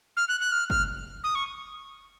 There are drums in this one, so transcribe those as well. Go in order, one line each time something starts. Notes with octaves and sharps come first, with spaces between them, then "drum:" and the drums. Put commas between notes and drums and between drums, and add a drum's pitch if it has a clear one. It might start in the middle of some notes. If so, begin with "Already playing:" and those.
F6
F#6
F#6
F6
F6, drum: kick
D#6
C#6